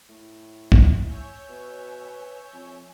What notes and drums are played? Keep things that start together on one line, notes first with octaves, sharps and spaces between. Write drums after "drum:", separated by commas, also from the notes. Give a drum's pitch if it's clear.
A2
drum: kick
C#5 E5 G#5 G6
B2 B4
F2